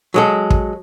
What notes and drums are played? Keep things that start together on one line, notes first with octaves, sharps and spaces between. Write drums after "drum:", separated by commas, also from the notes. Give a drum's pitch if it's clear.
F#3 G#3 A4
drum: kick